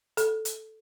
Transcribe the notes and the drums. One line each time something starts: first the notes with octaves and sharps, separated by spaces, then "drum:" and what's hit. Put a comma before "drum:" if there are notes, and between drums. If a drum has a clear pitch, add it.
A4, drum: hi-hat
drum: hi-hat